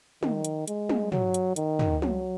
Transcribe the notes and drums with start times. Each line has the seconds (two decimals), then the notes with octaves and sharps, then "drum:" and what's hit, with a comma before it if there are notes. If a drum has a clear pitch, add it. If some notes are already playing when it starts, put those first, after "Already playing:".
0.23 D#3, drum: tom
0.45 drum: hi-hat
0.68 G#3, drum: hi-hat
0.89 drum: tom
1.12 F#3, drum: tom
1.34 drum: hi-hat
1.56 D#3, drum: hi-hat
1.79 drum: tom
2.02 F#3, drum: tom